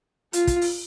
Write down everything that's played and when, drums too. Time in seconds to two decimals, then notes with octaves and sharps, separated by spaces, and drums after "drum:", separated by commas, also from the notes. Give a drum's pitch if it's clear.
0.33 F4, drum: hi-hat
0.47 drum: kick, hi-hat
0.61 drum: open hi-hat